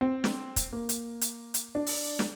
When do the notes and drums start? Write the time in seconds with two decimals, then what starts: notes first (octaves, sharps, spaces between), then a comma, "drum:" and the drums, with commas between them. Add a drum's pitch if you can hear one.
0.01 C4
0.24 drum: snare
0.56 drum: kick, hi-hat
0.73 A#3
0.89 drum: hi-hat
1.21 drum: hi-hat
1.54 drum: hi-hat
1.75 D4
1.86 drum: open hi-hat
2.19 drum: snare